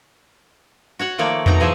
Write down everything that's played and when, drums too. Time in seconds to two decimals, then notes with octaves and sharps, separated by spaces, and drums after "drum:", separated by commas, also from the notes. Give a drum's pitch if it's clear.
0.99 F#4 C#5 F#5
1.18 D#3 F3 A3 A#3 C#5 D5
1.46 B2 F#3 D#4 A#5, drum: tom E2
1.60 E3 F3 G#4 E5 A5